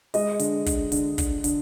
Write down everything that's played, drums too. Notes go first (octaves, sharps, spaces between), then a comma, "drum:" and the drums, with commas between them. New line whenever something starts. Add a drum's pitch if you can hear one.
G#3 D#5, drum: open hi-hat
D3, drum: hi-hat
D3, drum: kick, hi-hat
D3, drum: hi-hat
D3, drum: kick, hi-hat
D3, drum: hi-hat